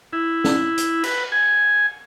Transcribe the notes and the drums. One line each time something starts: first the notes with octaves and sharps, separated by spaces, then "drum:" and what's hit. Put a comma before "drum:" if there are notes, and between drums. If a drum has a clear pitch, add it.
E4
drum: snare
drum: hi-hat
B4, drum: cymbal
G#5